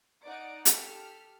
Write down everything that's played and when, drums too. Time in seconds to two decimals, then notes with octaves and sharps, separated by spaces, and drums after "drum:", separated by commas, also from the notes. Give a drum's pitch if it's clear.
0.24 D#4 D5 F#5 D7
0.65 G4 A4 F6 B6, drum: hi-hat